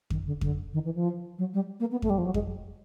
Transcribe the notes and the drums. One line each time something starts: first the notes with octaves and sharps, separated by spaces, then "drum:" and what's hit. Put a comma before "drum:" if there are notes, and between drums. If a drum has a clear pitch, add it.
D#3, drum: kick F2
D3
D3, drum: kick F2
D#3
E3
F3
F#3
G3
A#3
B3
A3, drum: kick F2
G3
F3
F#3
G#3, drum: kick F2